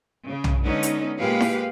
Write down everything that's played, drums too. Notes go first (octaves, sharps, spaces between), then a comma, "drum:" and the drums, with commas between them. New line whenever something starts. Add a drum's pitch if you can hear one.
C#3
drum: tom B1
D3 G#3 B3 C#4 D#4
drum: hi-hat
A#2 G#3 A#3 G4 B4 F5
drum: snare E4